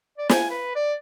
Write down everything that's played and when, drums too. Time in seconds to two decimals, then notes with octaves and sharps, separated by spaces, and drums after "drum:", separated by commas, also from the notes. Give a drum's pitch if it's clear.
0.18 D5
0.29 G#5, drum: snare
0.50 B4
0.75 D5